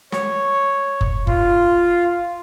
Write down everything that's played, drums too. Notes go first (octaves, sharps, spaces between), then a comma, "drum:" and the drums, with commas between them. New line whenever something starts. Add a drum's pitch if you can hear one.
C#5, drum: snare
drum: kick F#1
F4, drum: kick F#1